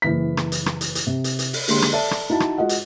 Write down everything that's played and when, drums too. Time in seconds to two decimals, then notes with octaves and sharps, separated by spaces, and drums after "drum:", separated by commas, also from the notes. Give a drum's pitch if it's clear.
0.02 F#1 E3 B6
0.37 drum: rim click
0.52 drum: hi-hat
0.66 drum: rim click
0.81 drum: hi-hat
0.95 drum: hi-hat
1.07 C3
1.24 drum: hi-hat
1.39 drum: hi-hat
1.53 drum: open hi-hat
1.68 D3 G#3 A#3 G4 C6, drum: open hi-hat
1.82 drum: rim click
1.93 A4 D5 E5 A5
2.11 drum: rim click
2.30 D#4 E4 F#4 A5
2.40 drum: rim click
2.58 G#3 F4 F#4 D#5 F#5
2.69 drum: hi-hat